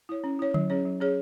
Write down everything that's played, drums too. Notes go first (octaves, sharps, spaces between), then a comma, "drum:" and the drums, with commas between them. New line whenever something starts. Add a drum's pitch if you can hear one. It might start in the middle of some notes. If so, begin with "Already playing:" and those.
E4 C#5
C#4
E4 C#5
F#3, drum: tom D3
C#4 G#4 C#5
F#3
C#4 G#4 C#5